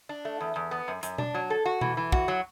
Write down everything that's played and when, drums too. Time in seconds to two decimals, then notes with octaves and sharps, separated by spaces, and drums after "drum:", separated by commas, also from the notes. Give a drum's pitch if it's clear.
0.09 D4
0.25 A3
0.41 E2
0.56 E2
0.71 B3
0.88 F#2
1.03 F#2, drum: hi-hat
1.18 D4, drum: tom B2
1.34 F#3
1.50 A4
1.65 F#4
1.81 E3, drum: tom B2
1.97 E3
2.12 F#4, drum: kick
2.28 F#3